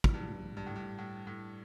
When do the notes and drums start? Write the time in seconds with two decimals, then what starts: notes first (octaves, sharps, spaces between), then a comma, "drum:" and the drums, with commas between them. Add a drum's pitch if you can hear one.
0.04 drum: kick
0.14 G2
0.57 G2
0.66 A2
0.76 G2
0.98 A2
1.27 A2